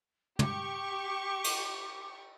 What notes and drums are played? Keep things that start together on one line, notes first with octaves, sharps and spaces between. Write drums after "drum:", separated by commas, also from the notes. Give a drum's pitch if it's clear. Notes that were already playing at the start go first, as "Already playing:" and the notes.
G4 C#6 D6, drum: tom
drum: cymbal